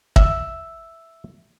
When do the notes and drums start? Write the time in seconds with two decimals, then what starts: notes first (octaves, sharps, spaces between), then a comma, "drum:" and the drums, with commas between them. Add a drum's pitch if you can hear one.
0.16 E5, drum: kick